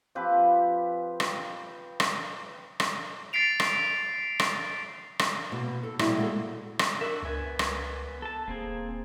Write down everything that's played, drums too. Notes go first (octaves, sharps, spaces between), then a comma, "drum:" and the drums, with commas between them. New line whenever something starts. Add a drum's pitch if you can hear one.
F3 C4 G4 B4
drum: rim click
drum: rim click
drum: rim click
A6 B6 C7 D7 F7
drum: rim click
drum: rim click
drum: rim click
B2 A#3
A4
A#2 F3 G3 E4 F#4, drum: rim click
G#3 A#3 F#4 G4 A4
drum: rim click
D4 F#4 A#4 E5
C#2 B3 G#5
drum: rim click
A4 A5
D#1 A#3 C4 G#4